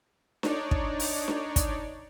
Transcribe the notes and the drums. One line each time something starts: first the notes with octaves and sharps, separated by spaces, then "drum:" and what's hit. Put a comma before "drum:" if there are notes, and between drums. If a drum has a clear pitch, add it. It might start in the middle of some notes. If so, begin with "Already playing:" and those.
D4 D#4 C#5 D5, drum: snare D4
drum: kick
drum: open hi-hat
drum: snare D4
drum: kick, hi-hat